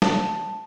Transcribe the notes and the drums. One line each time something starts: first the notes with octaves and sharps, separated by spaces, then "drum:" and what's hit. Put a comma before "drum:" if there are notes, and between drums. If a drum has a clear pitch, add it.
A5, drum: snare